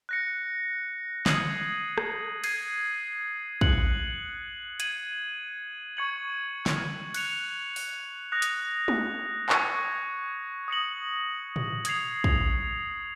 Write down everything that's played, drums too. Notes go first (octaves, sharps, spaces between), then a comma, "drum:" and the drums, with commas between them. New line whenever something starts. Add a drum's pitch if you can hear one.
F#6 A#6 C#7
D#6 G#6 C7 D#7 F#7, drum: snare
drum: rim click
G#6 C7 D#7, drum: cymbal
F#6 C#7 F#7, drum: kick
G#6 D#7 F#7, drum: hi-hat
C#6 G#6 C#7 F#7
drum: snare
F#6 C#7 F7, drum: cymbal
drum: open hi-hat
D#6 F#6 A#6 F7
drum: hi-hat
drum: tom
C#6 G#6 C#7, drum: clap
D#6 A#6 C#7 F#7
drum: tom A2
D#6 G#6 C7 F7, drum: hi-hat
drum: kick